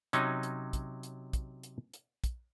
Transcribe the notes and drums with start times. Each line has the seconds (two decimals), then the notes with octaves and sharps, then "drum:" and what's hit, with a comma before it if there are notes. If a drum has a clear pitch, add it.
0.13 C3 F#3 C#4 D#4, drum: hi-hat
0.43 drum: hi-hat
0.73 drum: kick, hi-hat
1.03 drum: hi-hat
1.33 drum: kick, hi-hat
1.63 drum: hi-hat
1.94 drum: hi-hat
2.24 drum: kick, hi-hat